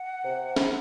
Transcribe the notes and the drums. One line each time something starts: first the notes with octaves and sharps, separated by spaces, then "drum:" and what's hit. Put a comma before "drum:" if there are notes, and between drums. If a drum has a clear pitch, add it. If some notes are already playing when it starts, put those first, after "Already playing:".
Already playing: F#5
C3
drum: snare